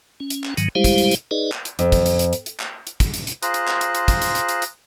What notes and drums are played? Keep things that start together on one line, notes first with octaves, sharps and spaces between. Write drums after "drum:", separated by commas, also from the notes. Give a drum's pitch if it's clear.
C#4
drum: hi-hat
drum: clap
G#2 D#3 F#3, drum: hi-hat
G3 G#3 E4 G4 C5 F5
drum: kick, hi-hat
drum: hi-hat
drum: hi-hat
D#4 G#4 B4 D5 D#5
drum: clap
drum: hi-hat
F2, drum: hi-hat
drum: kick, hi-hat
drum: hi-hat
drum: hi-hat
drum: hi-hat
drum: hi-hat
drum: clap
drum: hi-hat
drum: kick, hi-hat
drum: hi-hat
drum: hi-hat
F4 G#4 C5 A#5 F#6, drum: hi-hat
drum: hi-hat
drum: clap
drum: hi-hat
drum: hi-hat
drum: kick, hi-hat
drum: hi-hat
drum: hi-hat
drum: hi-hat
drum: hi-hat